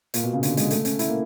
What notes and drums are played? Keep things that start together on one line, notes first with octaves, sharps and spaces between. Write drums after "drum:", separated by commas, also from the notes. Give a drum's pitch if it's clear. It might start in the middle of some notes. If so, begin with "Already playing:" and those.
A#2, drum: hi-hat
B2
C#3
D3, drum: hi-hat
G#3, drum: hi-hat
A3, drum: hi-hat
C#4, drum: hi-hat
E4, drum: hi-hat
A#3